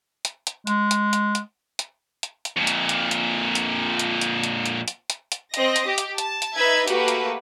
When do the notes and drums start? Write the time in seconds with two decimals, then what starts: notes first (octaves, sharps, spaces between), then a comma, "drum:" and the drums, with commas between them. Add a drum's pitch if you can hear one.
0.25 drum: hi-hat
0.47 drum: hi-hat
0.67 G#3, drum: hi-hat
0.91 drum: hi-hat
1.13 drum: hi-hat
1.35 drum: hi-hat
1.79 drum: hi-hat
2.23 drum: hi-hat
2.45 drum: hi-hat
2.57 F2 A#2
2.67 drum: hi-hat
2.89 drum: hi-hat
3.11 drum: hi-hat
3.55 drum: hi-hat
3.99 drum: hi-hat
4.21 drum: hi-hat
4.44 drum: hi-hat
4.66 drum: hi-hat
4.88 drum: hi-hat
5.10 drum: hi-hat
5.32 drum: hi-hat
5.54 C4 D#5 A#6, drum: hi-hat
5.76 drum: hi-hat
5.86 G4
5.98 drum: hi-hat
6.18 A5, drum: hi-hat
6.42 drum: hi-hat
6.55 D#4 B4 E5 G#6
6.88 A3 A#3 F#4 G4 B4, drum: hi-hat
7.08 drum: hi-hat